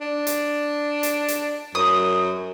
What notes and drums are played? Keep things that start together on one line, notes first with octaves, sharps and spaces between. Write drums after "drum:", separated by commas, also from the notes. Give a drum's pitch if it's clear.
D4
drum: hi-hat
drum: hi-hat
drum: hi-hat
F#2 D#6